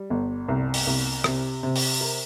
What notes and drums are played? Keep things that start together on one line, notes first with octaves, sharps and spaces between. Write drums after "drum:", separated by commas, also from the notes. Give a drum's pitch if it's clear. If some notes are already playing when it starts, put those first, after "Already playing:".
Already playing: G3
G1
C2
drum: open hi-hat
C2
C3, drum: rim click
C3
drum: open hi-hat
A#4